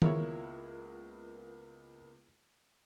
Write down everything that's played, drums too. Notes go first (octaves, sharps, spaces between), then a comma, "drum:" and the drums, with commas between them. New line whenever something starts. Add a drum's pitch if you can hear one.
C#2 G#3 A#3 B3 E4 F4 A#4 C#5, drum: tom D#3